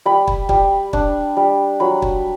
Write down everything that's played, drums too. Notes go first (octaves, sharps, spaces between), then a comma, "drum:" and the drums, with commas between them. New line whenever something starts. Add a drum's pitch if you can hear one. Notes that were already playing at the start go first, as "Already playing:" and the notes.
G3 B5
drum: kick
G3, drum: kick
D4, drum: kick
G3
F#3 B5
drum: kick